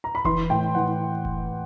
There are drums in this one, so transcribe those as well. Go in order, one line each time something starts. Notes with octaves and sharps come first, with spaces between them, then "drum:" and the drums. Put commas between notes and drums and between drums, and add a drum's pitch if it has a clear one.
A#5
B5
E3 C6, drum: kick F1
A2 G5
E3 F#5
drum: kick F1